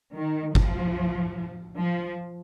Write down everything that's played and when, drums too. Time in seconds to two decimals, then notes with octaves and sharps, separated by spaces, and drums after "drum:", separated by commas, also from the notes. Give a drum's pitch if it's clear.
0.15 D#3
0.55 F3, drum: kick G1
1.78 F3